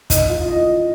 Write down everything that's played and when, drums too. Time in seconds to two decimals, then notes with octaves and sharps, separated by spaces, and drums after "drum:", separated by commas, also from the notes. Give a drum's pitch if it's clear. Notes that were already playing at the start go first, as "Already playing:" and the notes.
0.10 D#4, drum: kick, hi-hat
0.29 F4
0.48 D#5